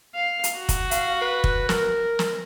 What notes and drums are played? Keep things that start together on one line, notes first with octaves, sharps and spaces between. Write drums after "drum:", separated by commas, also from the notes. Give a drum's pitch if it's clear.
F5
drum: hi-hat
F#4
drum: kick, hi-hat
F5, drum: hi-hat
B4
drum: kick
A#4, drum: snare
drum: snare